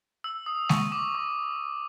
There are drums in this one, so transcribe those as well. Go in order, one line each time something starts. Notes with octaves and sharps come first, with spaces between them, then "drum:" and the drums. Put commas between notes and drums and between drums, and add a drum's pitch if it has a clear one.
E6
D#6
C#6, drum: snare G#3
D6
C#6